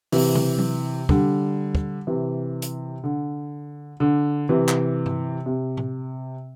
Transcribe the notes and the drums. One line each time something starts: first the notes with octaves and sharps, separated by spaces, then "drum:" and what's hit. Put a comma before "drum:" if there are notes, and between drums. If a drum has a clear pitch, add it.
C3 E3, drum: open hi-hat
drum: tom C#3
drum: tom F#3
D3 G3, drum: kick
drum: kick
C3 E3
drum: hi-hat
D3
D3
C3 E3
drum: clap
drum: tom G2
C3
drum: tom A2